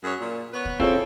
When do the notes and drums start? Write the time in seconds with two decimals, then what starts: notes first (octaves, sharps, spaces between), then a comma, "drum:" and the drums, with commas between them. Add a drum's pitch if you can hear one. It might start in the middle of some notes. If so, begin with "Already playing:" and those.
0.04 F#2 G#4 C#5
0.20 A#2
0.53 B3 B4 C#5
0.65 drum: kick
0.80 C4 E4 F4 G#4 A4 C#5, drum: kick